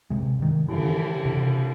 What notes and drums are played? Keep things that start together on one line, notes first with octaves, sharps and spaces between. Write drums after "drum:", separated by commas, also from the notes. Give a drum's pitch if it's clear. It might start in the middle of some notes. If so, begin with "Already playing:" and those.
C3 G#3
G2 D#3
C#3 E3, drum: cymbal
C3